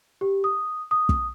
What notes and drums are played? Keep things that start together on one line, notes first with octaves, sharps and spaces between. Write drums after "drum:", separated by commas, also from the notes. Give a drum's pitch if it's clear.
G4
D#6
D#6
drum: kick